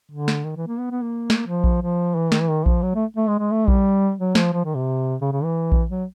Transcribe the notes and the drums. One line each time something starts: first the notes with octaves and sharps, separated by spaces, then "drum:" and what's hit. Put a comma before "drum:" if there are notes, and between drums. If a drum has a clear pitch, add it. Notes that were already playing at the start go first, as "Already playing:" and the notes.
D3
drum: snare
D#3
E3
A#3
B3
B3
A#3
drum: snare
F3
drum: kick A#1
F3
E3
D#3, drum: snare
E3
D#3
F3, drum: kick A#1
F#3
A3
A3
G#3
G#3
A3
G3, drum: kick A#1
F#3
F3, drum: snare
F3
D#3
C3
C#3
C#3
E3
drum: kick A#1
F#3